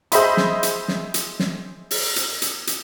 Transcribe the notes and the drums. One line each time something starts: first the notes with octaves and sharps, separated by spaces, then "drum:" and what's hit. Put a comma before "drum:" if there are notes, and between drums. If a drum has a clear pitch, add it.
G#4 C5 D#5 E5 B5 C6, drum: hi-hat
drum: snare
drum: hi-hat
drum: snare
drum: hi-hat
drum: snare
drum: open hi-hat
drum: hi-hat
drum: hi-hat
drum: hi-hat